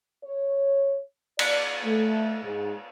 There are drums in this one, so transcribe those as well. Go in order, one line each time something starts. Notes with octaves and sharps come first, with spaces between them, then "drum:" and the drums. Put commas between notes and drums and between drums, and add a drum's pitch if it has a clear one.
C#5
D5, drum: cymbal
A3
G#2